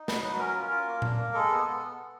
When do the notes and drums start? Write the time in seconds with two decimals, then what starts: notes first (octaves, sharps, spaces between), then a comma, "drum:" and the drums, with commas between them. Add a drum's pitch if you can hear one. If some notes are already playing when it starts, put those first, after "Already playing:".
Already playing: D#4
0.08 F#3 B4, drum: snare
0.23 F#3 B4
0.39 C#4 A#4
0.56 F4
0.71 F4
0.87 A#3
1.02 D4, drum: tom A#2
1.18 A#3
1.34 G#3 A4
1.50 B3
1.66 B3